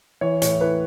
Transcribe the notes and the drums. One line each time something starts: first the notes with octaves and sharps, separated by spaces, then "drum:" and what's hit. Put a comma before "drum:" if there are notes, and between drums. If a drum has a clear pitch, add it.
E3 C#5
A2 C#5, drum: hi-hat
E3 B4